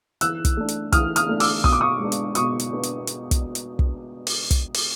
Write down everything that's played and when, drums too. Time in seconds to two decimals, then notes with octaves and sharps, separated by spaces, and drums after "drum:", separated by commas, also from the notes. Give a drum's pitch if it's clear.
0.21 E3 E6 F#6, drum: hi-hat
0.45 drum: kick, hi-hat
0.57 A3 D4
0.68 drum: hi-hat
0.92 E3 D#6 F6, drum: kick, hi-hat
1.16 D#6 F6, drum: hi-hat
1.28 A3 D4
1.40 D6 E6, drum: open hi-hat
1.64 B2 D#6, drum: kick
1.72 D6
1.81 C#6 D#6
2.00 G#3 B3 D4
2.12 drum: hi-hat
2.35 B2 C#6 D#6, drum: hi-hat
2.59 drum: hi-hat
2.72 B3 D4
2.83 drum: hi-hat
3.07 drum: hi-hat
3.31 drum: kick, hi-hat
3.55 drum: hi-hat
3.79 drum: kick
4.27 drum: open hi-hat
4.51 drum: kick, hi-hat
4.74 drum: open hi-hat